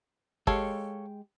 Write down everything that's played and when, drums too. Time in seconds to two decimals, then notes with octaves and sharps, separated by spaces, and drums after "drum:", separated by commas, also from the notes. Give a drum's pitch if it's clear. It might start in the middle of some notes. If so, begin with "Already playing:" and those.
0.47 G#3 G4 A4 C#5 F5, drum: kick G1